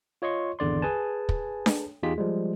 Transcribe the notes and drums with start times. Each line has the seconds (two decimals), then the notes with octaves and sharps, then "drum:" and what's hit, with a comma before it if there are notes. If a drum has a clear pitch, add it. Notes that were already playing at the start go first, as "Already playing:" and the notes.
0.22 F4 C#5 D#5 C6 C#6
0.59 G#1 E2 D3 D5 C6
0.82 G#4 B4 G#5 A5
1.29 drum: kick
1.66 drum: snare D4
2.03 E2 D#4 F4 G4 G#4 B6
2.18 F3 G3 G#3